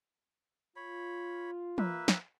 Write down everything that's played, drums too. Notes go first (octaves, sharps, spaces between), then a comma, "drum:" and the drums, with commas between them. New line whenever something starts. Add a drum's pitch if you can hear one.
F4 C#5 B5
A#3 B4 E5, drum: tom
drum: snare